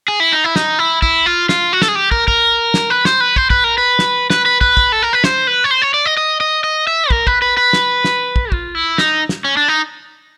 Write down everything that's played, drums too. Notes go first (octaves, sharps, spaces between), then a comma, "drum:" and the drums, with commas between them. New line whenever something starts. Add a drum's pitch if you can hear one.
G#4
E4
D#4
E4
D#4, drum: snare
E4
E4, drum: kick
F4
F4, drum: snare
F#4
A4, drum: snare
G#4
G4
A#4, drum: kick
A#4, drum: kick
drum: snare
B4
C5, drum: snare
B4
C5, drum: kick
B4, drum: kick
A#4
B4
drum: snare
B4, drum: snare
B4
B4, drum: kick
drum: kick
A4
A#4
B4
C5, drum: snare
B4
C#5
C5
C#5
D5
D#5
D#5
D#5
D#5
E5
A#4, drum: kick
B4, drum: kick
B4
B4
drum: snare
drum: snare
drum: kick
F4, drum: kick
E4
D#4, drum: snare
drum: snare
C#4
D4
D#4